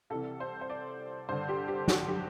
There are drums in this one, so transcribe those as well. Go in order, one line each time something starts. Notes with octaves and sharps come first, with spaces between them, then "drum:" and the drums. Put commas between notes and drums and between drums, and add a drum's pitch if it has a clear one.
C2 C3 E3 A4
C5
C5
D5
G2 D3 C5
G4
G4
F#4, drum: snare
G4